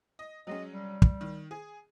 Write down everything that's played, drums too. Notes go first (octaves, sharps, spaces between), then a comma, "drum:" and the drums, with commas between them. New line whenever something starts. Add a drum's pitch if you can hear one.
D#5
F#3 G#3 C#4 D#5
G3
drum: kick
D#3
G#4